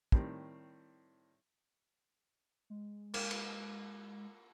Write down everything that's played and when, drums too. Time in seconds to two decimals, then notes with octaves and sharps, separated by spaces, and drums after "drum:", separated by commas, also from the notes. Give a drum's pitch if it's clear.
0.12 A2 D#3 G3 C4, drum: kick
2.70 G#3
3.14 A#3, drum: cymbal
3.31 drum: cymbal